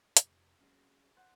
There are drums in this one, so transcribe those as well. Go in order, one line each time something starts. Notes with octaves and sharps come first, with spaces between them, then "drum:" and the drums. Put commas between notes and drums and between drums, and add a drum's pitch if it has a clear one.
F2 C3, drum: hi-hat
F#3 C4 C#4 F#4 G#4
C5 F#5